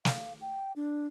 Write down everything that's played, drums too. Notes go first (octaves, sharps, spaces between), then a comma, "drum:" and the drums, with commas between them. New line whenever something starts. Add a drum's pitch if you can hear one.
F5, drum: snare
G5
D4